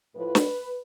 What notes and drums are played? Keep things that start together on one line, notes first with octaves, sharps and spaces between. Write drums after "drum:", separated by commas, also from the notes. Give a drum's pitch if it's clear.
A2 F3 B4
drum: snare